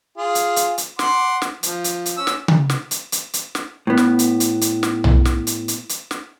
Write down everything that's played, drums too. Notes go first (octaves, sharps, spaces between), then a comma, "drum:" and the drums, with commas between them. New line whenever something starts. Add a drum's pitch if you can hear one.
F4 G#4
drum: hi-hat
drum: hi-hat
drum: hi-hat
F#5 C6 D6, drum: snare
drum: snare
F3, drum: hi-hat
drum: hi-hat
drum: hi-hat
C#4 E6
drum: snare
drum: tom C#3
drum: snare
drum: hi-hat
drum: hi-hat
drum: hi-hat
drum: snare
A2 B3
drum: snare
drum: hi-hat
drum: hi-hat
drum: hi-hat
drum: snare
drum: tom B1
drum: snare
drum: hi-hat
drum: hi-hat
drum: hi-hat
drum: snare